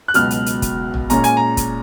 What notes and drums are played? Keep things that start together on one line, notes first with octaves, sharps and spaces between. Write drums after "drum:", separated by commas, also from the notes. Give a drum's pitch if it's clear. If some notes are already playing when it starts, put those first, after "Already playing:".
F#6
C#2 B2 F#3 F6, drum: hi-hat
drum: hi-hat
drum: hi-hat
drum: kick, hi-hat
drum: tom
A#2 G#3 C#4 A#5, drum: hi-hat
G#5, drum: hi-hat
A#5
drum: kick, hi-hat